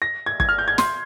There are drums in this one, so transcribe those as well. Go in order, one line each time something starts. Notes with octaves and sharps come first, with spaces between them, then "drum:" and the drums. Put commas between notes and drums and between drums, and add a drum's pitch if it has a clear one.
A#6
G#6
G#6, drum: kick
F6
G6
G#6
C6, drum: snare